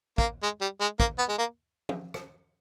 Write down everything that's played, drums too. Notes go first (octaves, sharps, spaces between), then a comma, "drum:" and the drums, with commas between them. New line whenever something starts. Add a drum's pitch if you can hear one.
A#3, drum: kick
G#3
G3
G#3
A#3, drum: kick
B3
G#3
A#3
drum: tom
drum: rim click